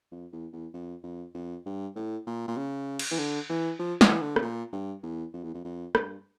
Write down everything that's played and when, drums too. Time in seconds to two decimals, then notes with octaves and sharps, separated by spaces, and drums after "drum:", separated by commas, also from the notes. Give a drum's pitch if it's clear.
0.12 F2
0.33 E2
0.53 E2
0.74 F2
1.03 F2
1.35 F2
1.66 G2
1.96 A2
2.27 A#2
2.48 A#2
2.57 C#3
2.99 drum: cymbal
3.11 E3
3.18 D3
3.49 E3
3.80 F3
4.01 E3, drum: snare
4.12 E3
4.21 D3
4.36 C#3, drum: rim click
4.42 A#2
4.73 G2
5.03 E2
5.33 F2
5.43 E2
5.54 F2
5.65 F2
5.95 G2, drum: rim click